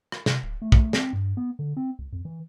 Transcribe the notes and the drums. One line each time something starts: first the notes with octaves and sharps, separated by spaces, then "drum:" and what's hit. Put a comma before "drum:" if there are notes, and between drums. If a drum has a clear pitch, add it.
drum: rim click
C3, drum: snare
D1
A3
drum: kick
C4, drum: snare
G2
B3
D3
C4
C#2
F2
E3